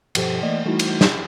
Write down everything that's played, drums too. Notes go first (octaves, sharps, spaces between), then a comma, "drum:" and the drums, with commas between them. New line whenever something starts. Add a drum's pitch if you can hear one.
G2 B2 F3 G4 A4 C5, drum: cymbal
E3 A3 A#3 D5 D#5
E3 G3 A3 D#4 E4 F#4
drum: cymbal
drum: snare